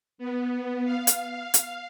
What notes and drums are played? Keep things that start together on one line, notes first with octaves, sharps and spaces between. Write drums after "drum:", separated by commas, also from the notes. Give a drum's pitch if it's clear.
B3
F5
drum: hi-hat
drum: hi-hat